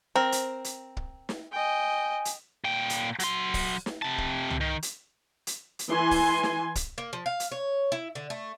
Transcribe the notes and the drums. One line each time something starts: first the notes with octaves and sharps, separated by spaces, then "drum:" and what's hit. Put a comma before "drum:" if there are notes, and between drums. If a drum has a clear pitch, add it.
C4 A#4
drum: hi-hat
drum: hi-hat
drum: kick
drum: snare
D#5 G5 G#5
drum: hi-hat
A#2 G5
drum: hi-hat
F#3 C6, drum: hi-hat
drum: kick, open hi-hat
drum: snare
C3 A5
drum: kick
drum: tom
D#3
drum: hi-hat
drum: hi-hat
drum: hi-hat
E3 G#5 C6
drum: kick, open hi-hat
drum: snare
drum: kick, hi-hat
A#3
F3
F5
drum: hi-hat
C#5
E4
D3
A3